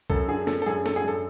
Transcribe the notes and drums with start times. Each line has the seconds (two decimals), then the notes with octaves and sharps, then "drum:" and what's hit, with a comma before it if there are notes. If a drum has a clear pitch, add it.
0.10 F#2 A4, drum: kick C2
0.28 D3 G#4
0.47 D3 A4, drum: snare
0.62 A4
0.66 F#2 G#4
0.86 D3 A4, drum: snare
0.96 G#4
1.04 F#2 A4